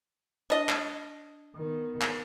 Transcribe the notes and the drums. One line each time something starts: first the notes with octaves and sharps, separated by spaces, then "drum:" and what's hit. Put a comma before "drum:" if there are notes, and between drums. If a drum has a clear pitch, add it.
D4 D#5
drum: clap
D#3 B3
drum: clap